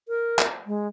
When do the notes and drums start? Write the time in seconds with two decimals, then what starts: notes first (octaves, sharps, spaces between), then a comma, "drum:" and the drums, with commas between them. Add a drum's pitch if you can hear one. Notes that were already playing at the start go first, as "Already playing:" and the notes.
0.08 A#4
0.39 drum: clap
0.66 G#3